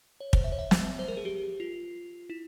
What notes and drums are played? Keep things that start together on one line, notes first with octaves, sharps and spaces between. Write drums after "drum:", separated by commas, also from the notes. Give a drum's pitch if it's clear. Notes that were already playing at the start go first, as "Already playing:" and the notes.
C#5
C5, drum: kick
E5
C#5
E5
drum: snare
C5
A#4
G#4
G4
F4
E4